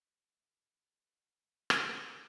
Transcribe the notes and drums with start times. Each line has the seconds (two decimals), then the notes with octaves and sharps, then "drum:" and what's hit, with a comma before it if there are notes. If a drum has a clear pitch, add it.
1.70 drum: rim click
1.87 F#3